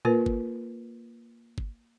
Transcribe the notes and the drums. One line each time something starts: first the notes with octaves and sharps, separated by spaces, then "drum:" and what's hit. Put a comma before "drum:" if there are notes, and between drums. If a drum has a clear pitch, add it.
A#3 F4 A#4 B4, drum: tom A2
drum: kick
drum: kick